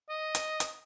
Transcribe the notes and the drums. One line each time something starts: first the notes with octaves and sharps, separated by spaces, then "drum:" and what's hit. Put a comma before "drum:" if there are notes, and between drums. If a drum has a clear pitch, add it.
D#5
drum: hi-hat
drum: hi-hat